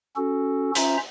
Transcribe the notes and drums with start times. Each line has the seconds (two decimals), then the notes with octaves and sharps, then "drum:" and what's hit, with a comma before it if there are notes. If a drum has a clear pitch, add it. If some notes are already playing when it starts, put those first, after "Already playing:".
0.16 C#4 F#4 A4
0.75 C#4 F4 C5 E5 A#5, drum: hi-hat